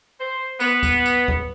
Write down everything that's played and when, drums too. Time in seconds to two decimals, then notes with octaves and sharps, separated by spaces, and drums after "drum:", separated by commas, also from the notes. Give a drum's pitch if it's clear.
0.19 C5
0.60 B3, drum: tambourine
0.83 drum: kick D2, tambourine
1.06 drum: tambourine
1.28 drum: kick D2